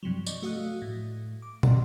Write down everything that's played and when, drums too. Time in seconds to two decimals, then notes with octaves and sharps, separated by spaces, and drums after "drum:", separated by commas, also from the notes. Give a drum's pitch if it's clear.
0.03 G2 C3 F3 F#3
0.27 D5 D#5 C#6, drum: tambourine
0.42 A3 F#4 F5 D#6 F#6
0.82 A2
1.42 D6
1.63 D5 D#5 F#5 A#5 C6, drum: tom